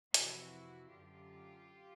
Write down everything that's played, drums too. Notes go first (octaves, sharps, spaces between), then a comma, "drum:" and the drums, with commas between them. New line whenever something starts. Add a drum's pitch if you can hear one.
F2 C3 E3 E4 F#4, drum: hi-hat
F#2 D3 F4 G4